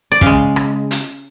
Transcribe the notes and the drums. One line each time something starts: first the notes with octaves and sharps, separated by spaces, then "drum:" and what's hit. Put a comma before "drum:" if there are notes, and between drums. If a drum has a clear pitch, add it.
D5
C#3 G#3 F5, drum: kick
drum: rim click
drum: hi-hat